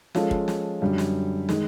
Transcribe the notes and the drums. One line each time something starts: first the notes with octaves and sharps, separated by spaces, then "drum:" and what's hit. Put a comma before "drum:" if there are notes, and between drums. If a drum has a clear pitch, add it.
F3 G#3 C#4 F4 A4, drum: snare
drum: kick
drum: snare
F#2 D3 G3
drum: snare
D#3 G#3, drum: snare